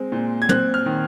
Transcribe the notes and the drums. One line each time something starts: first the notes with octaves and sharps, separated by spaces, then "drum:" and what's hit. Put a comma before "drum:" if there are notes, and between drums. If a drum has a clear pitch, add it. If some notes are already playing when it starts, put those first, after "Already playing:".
Already playing: G#3 C4
A#2
G#6
C4 F#6, drum: tom
F6
D#3